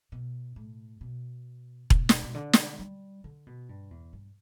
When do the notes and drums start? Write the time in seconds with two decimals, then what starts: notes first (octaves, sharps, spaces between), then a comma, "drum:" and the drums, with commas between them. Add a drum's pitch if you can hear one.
0.12 B2
0.56 A2
1.01 B2
1.90 B2, drum: kick E1
2.09 drum: snare
2.23 B2
2.35 D3
2.53 drum: snare
2.79 G3
3.24 D3
3.47 B2
3.69 G2
3.91 E2
4.13 G2